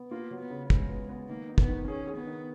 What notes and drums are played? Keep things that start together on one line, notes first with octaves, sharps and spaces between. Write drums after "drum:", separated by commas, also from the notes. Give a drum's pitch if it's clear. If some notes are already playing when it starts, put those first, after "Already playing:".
Already playing: B3
A#3 F4
F#3
B3
C#3
C#3 G#3, drum: kick
B3
B3
D#3 A#3
D#4
B3, drum: kick
D#3
C#4 G#4
G#4
B3
D#3